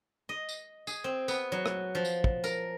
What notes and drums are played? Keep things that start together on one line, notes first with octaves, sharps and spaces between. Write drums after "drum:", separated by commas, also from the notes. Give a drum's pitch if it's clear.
D#5
drum: tambourine
G#4, drum: tambourine
C4
B3, drum: tambourine
F#3
drum: rim click
F3
drum: tambourine
drum: kick
A#4, drum: tambourine